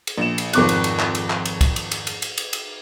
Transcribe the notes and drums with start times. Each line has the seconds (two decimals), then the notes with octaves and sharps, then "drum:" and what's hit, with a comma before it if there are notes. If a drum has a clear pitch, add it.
0.07 drum: cymbal
0.18 A#1 E7
0.38 drum: cymbal
0.53 G#1 F2 C4 C#6 D6 F#6, drum: cymbal
0.69 drum: cymbal
0.84 drum: cymbal
0.99 drum: clap
1.15 drum: cymbal
1.30 drum: clap
1.45 drum: cymbal
1.61 drum: kick, cymbal
1.76 drum: cymbal
1.92 drum: cymbal
2.07 drum: cymbal
2.22 drum: cymbal
2.38 drum: cymbal
2.53 drum: cymbal